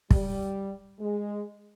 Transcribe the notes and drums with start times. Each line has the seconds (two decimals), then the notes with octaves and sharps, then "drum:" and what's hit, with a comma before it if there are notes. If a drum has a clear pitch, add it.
0.11 G3, drum: kick
1.00 G#3